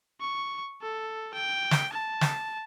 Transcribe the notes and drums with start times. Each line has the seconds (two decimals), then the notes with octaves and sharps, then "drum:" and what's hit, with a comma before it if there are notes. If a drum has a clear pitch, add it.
0.21 C#6
0.82 A4
1.34 G5
1.71 drum: snare
1.93 A5
2.21 drum: snare